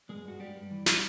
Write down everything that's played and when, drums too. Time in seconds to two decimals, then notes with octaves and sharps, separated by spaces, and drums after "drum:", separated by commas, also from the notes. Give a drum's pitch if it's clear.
0.09 G2 G#3 G#4
0.25 G2 F#4
0.40 G2 G3 G4
0.56 G2
0.71 E3
0.86 drum: snare